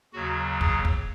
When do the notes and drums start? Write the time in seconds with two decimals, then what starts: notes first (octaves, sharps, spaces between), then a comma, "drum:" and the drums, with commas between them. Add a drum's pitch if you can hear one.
0.13 D#2 C#3 F#3 F#4
0.61 G#4, drum: kick
0.85 drum: kick